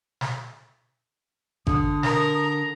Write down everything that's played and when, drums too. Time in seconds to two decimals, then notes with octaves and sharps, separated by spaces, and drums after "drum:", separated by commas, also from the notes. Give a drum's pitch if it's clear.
0.21 drum: snare
1.67 D3 D#6, drum: kick G#1
2.03 A#4 A#5, drum: snare